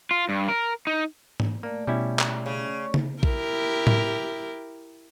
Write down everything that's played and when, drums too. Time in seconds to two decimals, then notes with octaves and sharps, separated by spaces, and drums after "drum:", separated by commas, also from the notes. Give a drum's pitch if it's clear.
0.11 F4
0.29 G2
0.48 A#4
0.87 D#4
1.40 drum: tom G#2
1.63 A3 A#3 D5
1.87 B2 G3 C#4 E4
2.19 drum: clap
2.46 C#3
2.94 drum: tom C#3
3.23 E4 G4 A#4, drum: kick A#1
3.87 drum: tom A2